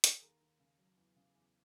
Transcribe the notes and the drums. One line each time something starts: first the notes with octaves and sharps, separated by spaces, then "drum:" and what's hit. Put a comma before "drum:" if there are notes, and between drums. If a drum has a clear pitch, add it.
drum: hi-hat
G#4
D#2 A#4
D#2
C#3
F#3
E2
C#3
E2